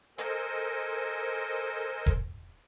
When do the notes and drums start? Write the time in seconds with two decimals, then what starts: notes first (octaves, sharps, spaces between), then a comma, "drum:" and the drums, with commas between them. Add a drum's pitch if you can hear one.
0.18 A4 A#4 C5 D#5 G#5, drum: hi-hat
2.06 drum: kick E1